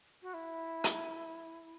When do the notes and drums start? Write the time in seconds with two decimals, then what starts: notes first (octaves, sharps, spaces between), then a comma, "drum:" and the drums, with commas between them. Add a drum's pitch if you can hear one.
0.22 F#4
0.34 E4
0.84 drum: hi-hat